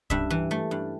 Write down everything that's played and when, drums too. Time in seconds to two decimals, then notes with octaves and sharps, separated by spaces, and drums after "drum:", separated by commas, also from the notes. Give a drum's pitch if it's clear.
0.10 G2 E5, drum: kick C2
0.30 E3
0.51 A3
0.71 G2